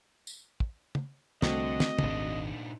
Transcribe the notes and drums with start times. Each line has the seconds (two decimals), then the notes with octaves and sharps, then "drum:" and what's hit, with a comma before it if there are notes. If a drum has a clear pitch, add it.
0.27 drum: tambourine
0.60 drum: kick
0.95 drum: tom
1.42 C2 D3 A3 C4 F#4 D#5, drum: snare
1.80 drum: snare
1.99 G#1 D#2 A#2 D4 D#4, drum: tom